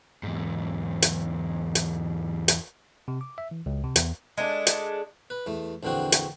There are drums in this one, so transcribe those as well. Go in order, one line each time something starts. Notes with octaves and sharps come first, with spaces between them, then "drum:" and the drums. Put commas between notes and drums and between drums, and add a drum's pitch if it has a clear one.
E2 G#2
drum: hi-hat
drum: hi-hat
drum: hi-hat
C3
D6
E5
E3
C#2
C3
E2, drum: hi-hat
G#3 A3 D4
drum: hi-hat
B4
E2 A3
A#1 E2 D3 C4 F#4
drum: hi-hat